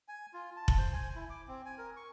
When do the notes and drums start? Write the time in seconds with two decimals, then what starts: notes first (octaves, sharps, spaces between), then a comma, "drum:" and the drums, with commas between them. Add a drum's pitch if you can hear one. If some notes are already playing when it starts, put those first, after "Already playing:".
0.08 G#5
0.33 F4
0.57 A5
0.68 drum: kick F1
0.78 C5
0.93 G#5
1.16 E4
1.30 D6
1.48 C4
1.66 G#5
1.78 A#4
1.97 C#6